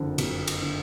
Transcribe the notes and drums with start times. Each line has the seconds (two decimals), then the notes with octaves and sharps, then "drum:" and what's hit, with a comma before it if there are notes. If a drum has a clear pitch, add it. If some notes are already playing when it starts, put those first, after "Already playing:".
Already playing: F#1 F2 D3
0.18 F#1, drum: cymbal
0.47 drum: cymbal
0.62 D3